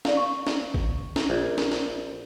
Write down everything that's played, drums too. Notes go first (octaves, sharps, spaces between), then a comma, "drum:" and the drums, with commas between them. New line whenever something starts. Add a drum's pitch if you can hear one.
D5 F5, drum: snare
C#6
drum: snare
drum: kick G#1
drum: snare
A#1
drum: snare
drum: snare